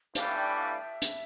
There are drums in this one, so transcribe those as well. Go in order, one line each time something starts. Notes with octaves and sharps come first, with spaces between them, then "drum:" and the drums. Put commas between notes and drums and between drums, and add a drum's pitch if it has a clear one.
A2 E3 G3 D4 F5, drum: hi-hat
G5
F5
E5
drum: hi-hat